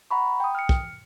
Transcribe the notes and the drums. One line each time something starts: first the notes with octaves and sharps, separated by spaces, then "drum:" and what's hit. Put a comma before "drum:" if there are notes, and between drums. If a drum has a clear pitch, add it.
F#5 A#5 B5 C#6
G5 D#6
F6 C#7
drum: kick